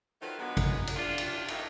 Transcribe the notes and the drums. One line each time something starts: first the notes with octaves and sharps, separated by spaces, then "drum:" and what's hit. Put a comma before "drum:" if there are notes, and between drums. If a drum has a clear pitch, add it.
D#3 F3 F#3 A3 F4 B4
D3 F#3 G#3 A#3 B3
drum: kick G#1, cymbal
drum: cymbal
D4 F4
drum: cymbal
G2 A3 D#4, drum: cymbal